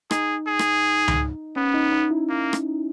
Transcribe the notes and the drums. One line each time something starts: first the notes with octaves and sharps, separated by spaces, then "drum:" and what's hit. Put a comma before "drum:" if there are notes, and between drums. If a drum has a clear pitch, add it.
D#4 G#4, drum: rim click
G#4
drum: rim click
drum: tom C#2
B3 C#4
D#4
D#4
E4
A#3
drum: rim click